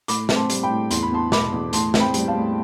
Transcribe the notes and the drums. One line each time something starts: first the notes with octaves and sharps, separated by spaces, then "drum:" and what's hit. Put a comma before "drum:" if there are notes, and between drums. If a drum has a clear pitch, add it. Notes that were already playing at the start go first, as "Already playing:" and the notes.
A2 B5 D6, drum: hi-hat
C4, drum: snare
A5 C6
G3, drum: hi-hat
G5 B5
A2
E2 C6, drum: hi-hat
B5
B3 A5 C6
B2 B5 D6, drum: snare
E2
A2 A5 C6, drum: hi-hat
C4, drum: snare
G5 B5
G3, drum: hi-hat
F5 A5
A2